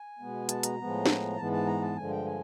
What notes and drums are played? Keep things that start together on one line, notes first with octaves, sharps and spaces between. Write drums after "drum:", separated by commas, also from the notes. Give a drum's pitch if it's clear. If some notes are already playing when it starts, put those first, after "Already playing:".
Already playing: G#5
B2 G#3 B3
A5, drum: hi-hat
A#5, drum: hi-hat
A2 F3 G#3 B3
drum: snare
G#2 E3 G#3 B3 A5
A5
A#5
A5
G2 D3 F3 G#3 G#5
G5
G#5